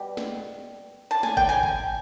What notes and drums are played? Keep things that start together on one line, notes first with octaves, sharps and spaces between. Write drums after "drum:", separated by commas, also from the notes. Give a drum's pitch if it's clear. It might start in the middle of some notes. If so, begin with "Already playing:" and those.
Already playing: B2 G3
drum: snare
A5
G#5, drum: snare
G5, drum: kick G1
G#5
drum: kick G1